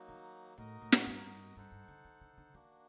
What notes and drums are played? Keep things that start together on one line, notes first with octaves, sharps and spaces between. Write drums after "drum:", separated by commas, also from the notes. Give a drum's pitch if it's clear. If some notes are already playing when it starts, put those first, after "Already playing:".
Already playing: F#3 A#3 D#4 F#4
D#3
A2 D#4 F#4 A#4 D#5
A2
drum: snare
G2
G2 D#4 A4 C5 F#5
G2
D3
D#3
D3
D3
D#3 A#3 D4 F#4